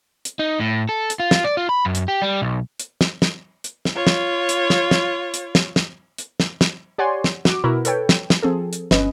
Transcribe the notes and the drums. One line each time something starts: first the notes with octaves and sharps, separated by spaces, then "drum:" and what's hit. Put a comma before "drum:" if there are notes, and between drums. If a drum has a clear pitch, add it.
drum: hi-hat
D#4
A2
A4
drum: hi-hat
F4
drum: snare
D5
F4
B5
F#2
drum: hi-hat
G4
G3
B1
drum: hi-hat
drum: snare
drum: snare
drum: hi-hat
drum: snare
F4 C#5
drum: snare
drum: hi-hat
drum: snare
drum: snare
drum: hi-hat
drum: snare
drum: snare
drum: hi-hat
drum: snare
drum: snare
G4 C#5 D5 F#5 G#5 C6
drum: snare
F#4 D6, drum: snare
B2 E4 F#4 A#4 B4
A4 B4 C#5 G5, drum: hi-hat
drum: snare
drum: snare
F3 C4 G#4 A4
drum: hi-hat
G1 C#4 B4 D#5, drum: snare